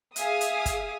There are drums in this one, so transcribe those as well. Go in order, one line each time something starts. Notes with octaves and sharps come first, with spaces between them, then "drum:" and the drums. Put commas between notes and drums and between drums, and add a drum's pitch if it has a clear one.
G#4 E5 F5 G#5 D#6, drum: hi-hat
drum: hi-hat
drum: kick, hi-hat